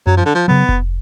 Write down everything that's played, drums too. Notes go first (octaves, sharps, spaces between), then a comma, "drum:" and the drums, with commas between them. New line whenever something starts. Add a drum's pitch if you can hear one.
F#2 F#3
F3
D3
F3
C#3 F#3 B3
drum: kick F1